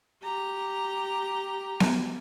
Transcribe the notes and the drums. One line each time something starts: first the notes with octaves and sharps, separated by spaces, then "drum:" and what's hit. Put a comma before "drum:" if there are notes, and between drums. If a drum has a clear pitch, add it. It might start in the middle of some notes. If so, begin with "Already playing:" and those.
G4 A#5
drum: snare B3